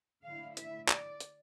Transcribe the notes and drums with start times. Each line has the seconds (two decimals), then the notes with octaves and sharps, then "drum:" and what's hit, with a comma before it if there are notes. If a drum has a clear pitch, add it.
0.25 D3 A3 E4 F5
0.57 E5, drum: hi-hat
0.89 D5, drum: clap
1.20 drum: hi-hat